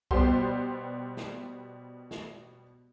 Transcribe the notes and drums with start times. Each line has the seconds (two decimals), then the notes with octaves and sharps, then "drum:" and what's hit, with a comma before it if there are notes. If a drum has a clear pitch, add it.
0.11 B2 G3 B3 G4 C5 C6, drum: kick B1
1.17 drum: snare
2.11 drum: snare